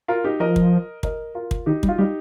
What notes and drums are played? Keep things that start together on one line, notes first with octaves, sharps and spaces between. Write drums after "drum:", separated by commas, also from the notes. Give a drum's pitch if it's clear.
F4 A#4
D#4 G4
F3 A#4 D#5
drum: kick
A#4 D#5, drum: kick
F4 A#4
drum: kick
D#3 D#4 G4
G3, drum: kick
F4
G3 D#4 G4